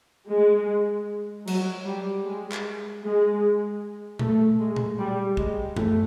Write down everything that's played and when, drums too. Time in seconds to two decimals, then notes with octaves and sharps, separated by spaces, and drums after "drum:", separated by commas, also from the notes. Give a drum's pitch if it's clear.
0.29 G#3
1.47 F#3, drum: cymbal
1.86 G3
2.25 G#3
2.52 drum: clap
3.02 G#3
4.19 A3, drum: tom A#2
4.60 G#3
4.76 drum: tom A#2
4.98 G3
5.37 G#3, drum: kick
5.76 A3, drum: tom F#2